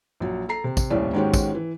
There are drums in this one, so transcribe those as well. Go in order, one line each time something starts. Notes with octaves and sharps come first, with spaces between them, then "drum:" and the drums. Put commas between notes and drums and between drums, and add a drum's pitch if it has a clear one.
A#1 F#3
A4 A#5 C7
C3
drum: kick, tambourine
D#1 C2 A2 C#4 D5
G#2 D#3 G#3 C#4 F#4 G4
drum: kick, tambourine
E3